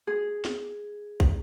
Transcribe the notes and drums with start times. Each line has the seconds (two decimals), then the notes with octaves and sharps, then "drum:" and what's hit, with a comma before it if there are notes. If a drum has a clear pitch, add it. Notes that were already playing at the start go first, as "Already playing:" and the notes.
0.07 G#4
0.45 drum: snare
1.20 drum: kick